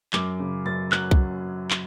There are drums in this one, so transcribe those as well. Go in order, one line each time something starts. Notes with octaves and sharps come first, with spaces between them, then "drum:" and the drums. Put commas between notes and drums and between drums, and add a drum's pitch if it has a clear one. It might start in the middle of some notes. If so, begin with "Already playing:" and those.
F#2 D6, drum: clap
C#3
F#2 A6
F#3 F#6, drum: clap
drum: kick C2
drum: clap